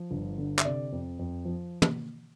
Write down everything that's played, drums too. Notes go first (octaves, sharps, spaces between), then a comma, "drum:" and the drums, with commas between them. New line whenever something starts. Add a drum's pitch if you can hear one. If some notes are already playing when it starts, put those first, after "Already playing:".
Already playing: F3
G1
D3
E5, drum: clap
C3 D5
F2
F2
F3
drum: tom